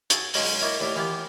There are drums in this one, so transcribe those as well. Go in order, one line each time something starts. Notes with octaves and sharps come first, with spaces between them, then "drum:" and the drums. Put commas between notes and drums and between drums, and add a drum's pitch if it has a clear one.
F#4 G#4 A4, drum: hi-hat
B1 G#3 C#4 A#5 C6, drum: open hi-hat
A#3 E4 C#5 D#5 A5 A#5
D#2 A2 D4 E5
E3 B3 F4 G4